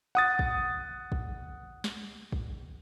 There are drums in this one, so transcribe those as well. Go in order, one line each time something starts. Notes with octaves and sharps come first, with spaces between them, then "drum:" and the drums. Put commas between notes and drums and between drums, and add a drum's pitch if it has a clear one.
F#5 D#6 A6
drum: kick
drum: kick
drum: snare
drum: kick